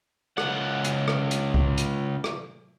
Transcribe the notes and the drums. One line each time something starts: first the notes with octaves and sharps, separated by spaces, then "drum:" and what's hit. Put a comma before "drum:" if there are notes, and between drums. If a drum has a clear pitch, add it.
C#2 F#5, drum: rim click
drum: hi-hat
drum: rim click
drum: hi-hat
drum: kick C2
drum: hi-hat
drum: rim click